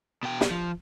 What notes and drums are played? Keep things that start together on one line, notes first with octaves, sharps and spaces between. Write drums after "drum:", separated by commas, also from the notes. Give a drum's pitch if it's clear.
B2 G5
drum: snare
F3